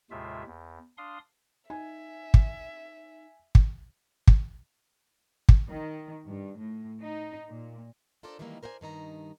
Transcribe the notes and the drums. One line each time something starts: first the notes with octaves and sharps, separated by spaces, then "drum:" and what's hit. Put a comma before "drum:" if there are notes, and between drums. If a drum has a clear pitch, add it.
D#2 A2 C3 G#3 F4 E5
E2
D4 F5 C6 D#6
D#4 E5 G#5
drum: kick
drum: kick
drum: kick
drum: kick
D#3
G2
A2
D#4
A#2
D4 F4 A4 A#4 C5 D5
D#3 E3 G3 G#3 A#3 D#4
A#4 C5 D5 F#5 G#5
G2 D#3 D#4 A#5